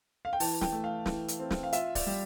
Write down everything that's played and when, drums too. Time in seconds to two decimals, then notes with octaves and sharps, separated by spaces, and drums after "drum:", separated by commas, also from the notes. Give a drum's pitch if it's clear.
0.25 F5
0.33 G5
0.40 E3 A5, drum: open hi-hat
0.61 G5, drum: snare
0.72 A3
0.84 F5
1.06 E3, drum: snare
1.28 drum: hi-hat
1.40 C4
1.51 drum: snare
1.63 F5
1.72 F4 E5, drum: hi-hat
1.95 D5, drum: kick C#1, open hi-hat
2.07 G3